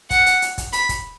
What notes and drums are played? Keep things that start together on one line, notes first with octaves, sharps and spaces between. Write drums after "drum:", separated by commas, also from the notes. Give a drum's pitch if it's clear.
F#5, drum: kick, hi-hat
drum: hi-hat
drum: hi-hat
drum: kick, hi-hat
B5, drum: hi-hat
drum: kick, hi-hat